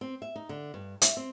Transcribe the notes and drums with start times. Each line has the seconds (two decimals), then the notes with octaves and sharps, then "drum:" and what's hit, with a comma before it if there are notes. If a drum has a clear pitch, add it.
0.01 C4
0.22 E5
0.36 D#4
0.49 D3
0.74 G2
1.02 E5, drum: hi-hat
1.17 C4